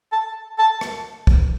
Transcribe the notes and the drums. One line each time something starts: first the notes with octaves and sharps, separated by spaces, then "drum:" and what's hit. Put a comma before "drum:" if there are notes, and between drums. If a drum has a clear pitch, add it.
A5
A5
drum: rim click
drum: kick